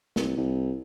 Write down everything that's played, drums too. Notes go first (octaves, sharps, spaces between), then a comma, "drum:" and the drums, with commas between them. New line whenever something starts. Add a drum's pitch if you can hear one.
C2, drum: snare
C2